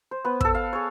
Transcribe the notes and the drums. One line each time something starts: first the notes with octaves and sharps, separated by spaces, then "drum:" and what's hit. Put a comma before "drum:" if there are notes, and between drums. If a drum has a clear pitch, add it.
C5
B3 B4
A4 E6, drum: kick
F5
G#4 C#5